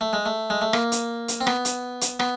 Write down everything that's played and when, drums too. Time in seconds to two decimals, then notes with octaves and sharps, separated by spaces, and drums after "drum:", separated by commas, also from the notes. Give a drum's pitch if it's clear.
0.01 A3
0.13 G#3
0.26 A3
0.50 G#3
0.62 A3
0.73 A#3, drum: rim click
0.92 drum: hi-hat
1.28 drum: hi-hat
1.41 C4
1.47 B3, drum: rim click
1.65 drum: hi-hat
2.01 drum: hi-hat
2.20 B3, drum: rim click